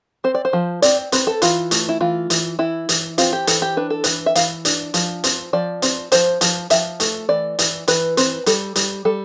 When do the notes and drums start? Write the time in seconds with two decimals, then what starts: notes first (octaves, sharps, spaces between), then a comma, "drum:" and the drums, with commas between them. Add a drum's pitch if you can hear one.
0.24 C4 C5
0.35 D5
0.45 C5
0.53 F3
0.82 C4 D5, drum: hi-hat
1.12 C4 B4, drum: hi-hat
1.27 A4
1.42 E3 F4, drum: hi-hat
1.71 A3, drum: hi-hat
1.89 E4
2.01 E3 F4
2.30 E3, drum: hi-hat
2.59 E3 E4
2.89 E3, drum: hi-hat
3.18 C4 F4, drum: hi-hat
3.33 G4
3.47 E3 A4, drum: hi-hat
3.62 G4
3.77 D4 B4
3.90 A4
4.04 E3 B4, drum: hi-hat
4.26 E5
4.35 E3 F5, drum: hi-hat
4.65 D4, drum: hi-hat
4.94 F3, drum: hi-hat
5.24 C4, drum: hi-hat
5.53 F3 D5
5.82 C4, drum: hi-hat
6.12 F3 C5, drum: hi-hat
6.41 F3, drum: hi-hat
6.70 F3 E5, drum: hi-hat
7.00 A3, drum: hi-hat
7.29 E3 D5
7.59 E3, drum: hi-hat
7.88 E3 B4, drum: hi-hat
8.17 C4 B4, drum: hi-hat
8.46 G3 A4, drum: hi-hat
8.76 G3, drum: hi-hat
9.05 G3 A4